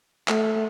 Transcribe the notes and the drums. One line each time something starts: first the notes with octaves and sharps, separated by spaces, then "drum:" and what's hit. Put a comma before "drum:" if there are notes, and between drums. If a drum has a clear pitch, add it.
A3, drum: clap